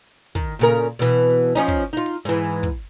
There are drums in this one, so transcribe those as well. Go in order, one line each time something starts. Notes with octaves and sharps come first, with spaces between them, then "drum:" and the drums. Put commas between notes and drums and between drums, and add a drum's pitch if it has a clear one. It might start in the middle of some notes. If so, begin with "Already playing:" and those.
D#3, drum: kick, hi-hat
A#2 C#3 A#4
B2 E3
drum: hi-hat
drum: hi-hat
F3 C#4 D#4
drum: kick, hi-hat
D#4 F4
drum: open hi-hat
G#2 E3, drum: hi-hat
drum: hi-hat
drum: kick, hi-hat